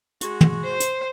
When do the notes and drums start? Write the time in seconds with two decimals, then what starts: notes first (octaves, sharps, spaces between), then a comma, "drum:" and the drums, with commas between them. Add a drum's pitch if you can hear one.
0.21 G#3 F#4, drum: hi-hat
0.41 drum: tom
0.64 C5
0.80 drum: hi-hat